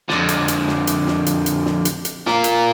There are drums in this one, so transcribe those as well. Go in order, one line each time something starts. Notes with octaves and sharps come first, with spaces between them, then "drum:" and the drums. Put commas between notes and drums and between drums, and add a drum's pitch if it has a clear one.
F2 D3, drum: snare
drum: hi-hat
drum: hi-hat
drum: snare
drum: hi-hat
drum: snare
drum: hi-hat
drum: hi-hat
drum: snare
drum: hi-hat
drum: hi-hat
F4 A#4, drum: snare
drum: hi-hat